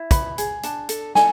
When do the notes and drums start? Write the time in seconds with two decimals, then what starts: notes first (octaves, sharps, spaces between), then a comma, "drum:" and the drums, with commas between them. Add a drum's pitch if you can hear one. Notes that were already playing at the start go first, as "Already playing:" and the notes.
Already playing: E4
0.11 B4 B5, drum: kick, hi-hat
0.38 G#4, drum: hi-hat
0.63 D4 A5, drum: hi-hat
0.89 A4, drum: hi-hat
1.15 A4 G#5, drum: snare